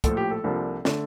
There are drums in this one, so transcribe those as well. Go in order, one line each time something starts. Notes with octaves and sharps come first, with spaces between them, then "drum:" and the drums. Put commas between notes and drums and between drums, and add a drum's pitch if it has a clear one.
A#1 A2 F3 A4, drum: kick, hi-hat
G4
A4
C2 C3 F3 A#3 D4
D3 A3, drum: snare